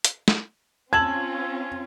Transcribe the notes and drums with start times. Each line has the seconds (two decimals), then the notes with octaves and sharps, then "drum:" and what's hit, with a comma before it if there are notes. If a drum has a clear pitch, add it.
0.05 drum: hi-hat
0.28 drum: snare
0.93 C4 C#4 F4 A5 E6 G#6 F#7